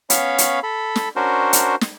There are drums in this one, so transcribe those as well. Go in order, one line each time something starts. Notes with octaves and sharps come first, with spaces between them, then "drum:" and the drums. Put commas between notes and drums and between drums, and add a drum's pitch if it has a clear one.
B3 C#4 C#5 F5 B5, drum: hi-hat
drum: hi-hat
A4 B5
drum: snare
C#4 D4 F#4 A#4 C5
drum: hi-hat
drum: snare